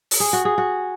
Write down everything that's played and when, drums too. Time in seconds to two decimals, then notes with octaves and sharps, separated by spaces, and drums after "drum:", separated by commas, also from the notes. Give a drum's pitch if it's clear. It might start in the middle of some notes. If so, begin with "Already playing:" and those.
0.11 drum: open hi-hat
0.20 G#4
0.33 F#4
0.45 G#4
0.58 F#4